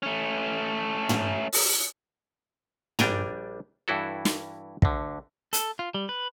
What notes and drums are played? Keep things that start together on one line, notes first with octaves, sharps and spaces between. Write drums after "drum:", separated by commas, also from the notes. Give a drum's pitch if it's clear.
A3 C#4
drum: tom
drum: open hi-hat
A#1 G3 D4 G5 G#5 A#5, drum: tom
G2 E3 E4 F#4 A4
drum: snare
D2 D3, drum: kick
A4, drum: hi-hat
F4
G3
B4